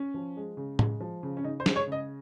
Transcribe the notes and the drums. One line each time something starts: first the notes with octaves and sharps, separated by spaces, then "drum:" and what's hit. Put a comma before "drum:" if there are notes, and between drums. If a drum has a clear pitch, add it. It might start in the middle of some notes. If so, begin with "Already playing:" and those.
Already playing: C#4
F3
G#3
C#3
G#3, drum: tom
F3
C#3
C#4
C#3 D#4
C5
G#3, drum: snare
C#5
C#3 D#5